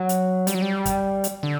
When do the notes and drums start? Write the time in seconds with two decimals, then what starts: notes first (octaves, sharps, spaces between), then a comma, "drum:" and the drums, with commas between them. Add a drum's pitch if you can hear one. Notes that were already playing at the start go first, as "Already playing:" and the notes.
Already playing: F#3
0.09 drum: hi-hat
0.47 G3, drum: hi-hat
0.55 F#3
0.62 G3
0.85 drum: kick, hi-hat
1.24 drum: hi-hat
1.43 D3